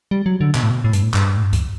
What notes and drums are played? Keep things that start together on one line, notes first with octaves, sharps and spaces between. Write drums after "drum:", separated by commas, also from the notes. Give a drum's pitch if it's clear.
G3
F#3
D3
B2, drum: clap
A2
B2
A2
G2, drum: hi-hat
A2
G2, drum: clap
A2
G2
drum: kick C#2, hi-hat